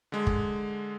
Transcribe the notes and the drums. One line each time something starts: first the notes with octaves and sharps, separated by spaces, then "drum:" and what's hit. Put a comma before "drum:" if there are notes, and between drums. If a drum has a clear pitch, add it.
D3 G#3
drum: kick